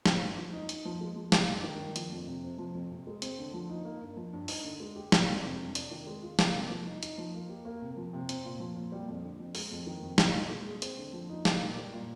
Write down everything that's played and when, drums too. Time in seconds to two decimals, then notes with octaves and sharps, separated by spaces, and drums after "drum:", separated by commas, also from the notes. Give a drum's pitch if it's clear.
0.06 C4, drum: snare
0.21 G2
0.37 F3
0.53 D#4
0.69 D#4, drum: hi-hat
0.85 F3
1.01 G#3
1.16 F3
1.32 G#3, drum: snare
1.48 G2
1.63 D#3
1.80 D4
1.96 F3, drum: hi-hat
2.12 F2
2.27 C3
2.44 C4
2.58 F3
2.75 F2
2.91 C3
3.07 G#3
3.22 C4, drum: hi-hat
3.39 D3
3.54 F3
3.70 D#4
3.85 A#3
4.01 G2
4.17 F3
4.33 G2
4.48 D#4, drum: open hi-hat
4.64 D3
4.80 G#3
4.96 G4
5.12 G3, drum: snare
5.28 F2
5.44 C3
5.60 D4
5.75 D4, drum: hi-hat
5.91 D#3
6.07 G#3
6.23 F4
6.39 A#3, drum: snare
6.55 C3
6.70 F3
6.86 D#4
7.03 D#4, drum: hi-hat
7.18 F3
7.34 A#3
7.49 G4
7.65 A#3
7.82 C3
7.97 F3
8.13 C3
8.29 C4, drum: hi-hat
8.45 A#2
8.60 F3
8.76 A#2
8.92 G3
9.08 F2
9.23 D3
9.40 F2
9.55 G#3, drum: open hi-hat
9.71 F2
9.87 D#3
10.02 F2
10.18 D#4, drum: snare
10.35 A#2
10.50 G#3
10.66 G#4
10.82 C4, drum: hi-hat
10.97 D3
11.13 F3
11.29 D#4
11.45 A#3, drum: snare
11.61 A#2
11.77 G3
11.93 A#2